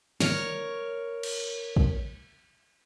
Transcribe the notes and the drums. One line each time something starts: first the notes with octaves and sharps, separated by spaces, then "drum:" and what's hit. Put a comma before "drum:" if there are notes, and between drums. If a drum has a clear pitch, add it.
A#4 C#5, drum: snare
drum: cymbal
drum: kick